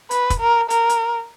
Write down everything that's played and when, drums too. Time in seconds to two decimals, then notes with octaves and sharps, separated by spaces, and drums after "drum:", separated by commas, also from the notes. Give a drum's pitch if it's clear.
0.11 B4, drum: hi-hat
0.30 drum: kick, hi-hat
0.41 A#4
0.70 A#4, drum: hi-hat
0.89 drum: hi-hat